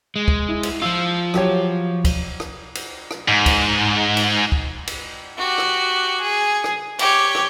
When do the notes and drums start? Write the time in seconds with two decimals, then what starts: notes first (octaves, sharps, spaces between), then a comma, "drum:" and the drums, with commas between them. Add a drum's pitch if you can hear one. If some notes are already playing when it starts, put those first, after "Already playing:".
0.16 G#3
0.28 drum: kick
0.48 E4
0.63 drum: cymbal
0.82 F3 F4 E6
1.34 F#3 G4 C#5, drum: rim click
2.05 drum: kick, cymbal
2.40 drum: rim click
2.75 drum: cymbal
3.11 drum: rim click
3.28 G#2
3.46 drum: kick, cymbal
4.17 drum: cymbal
4.52 drum: kick
4.87 drum: cymbal
5.38 F#4 G4
5.58 drum: rim click
6.21 G#4
6.64 drum: rim click
6.99 G4 C#5, drum: cymbal
7.35 drum: rim click